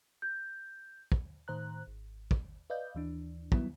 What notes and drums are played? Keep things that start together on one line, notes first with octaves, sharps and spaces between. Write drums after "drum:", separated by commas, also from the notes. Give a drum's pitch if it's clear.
G6
drum: kick
A2 D#3 C5 A#5 F#6
G#1
drum: kick
B4 D5 D#5 F5 G6
D#2 E3 D4
D#3 F#3 G3 B3 E4, drum: kick